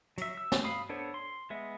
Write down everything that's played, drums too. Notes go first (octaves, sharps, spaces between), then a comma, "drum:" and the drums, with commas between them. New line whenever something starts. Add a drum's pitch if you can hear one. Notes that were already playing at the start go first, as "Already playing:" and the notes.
F#3 E5, drum: hi-hat
E6
drum: snare
F5 B5 D#6
B3 D4 A4 C5 C#5
C6
G#3 B3 E5